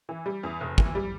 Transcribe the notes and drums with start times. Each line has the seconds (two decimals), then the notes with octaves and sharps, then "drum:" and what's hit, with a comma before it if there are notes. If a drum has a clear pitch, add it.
0.09 E3
0.26 G3
0.43 E2
0.60 F1
0.78 E3, drum: kick
0.95 G3